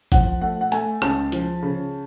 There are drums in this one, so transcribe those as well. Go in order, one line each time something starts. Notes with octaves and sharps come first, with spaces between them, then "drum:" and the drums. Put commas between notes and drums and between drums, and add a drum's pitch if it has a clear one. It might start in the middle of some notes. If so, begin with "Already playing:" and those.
F3 F#5, drum: kick, hi-hat
A3 F#5
F#5
A3 G#5, drum: hi-hat
C#2 A5, drum: rim click
F3, drum: hi-hat
C#3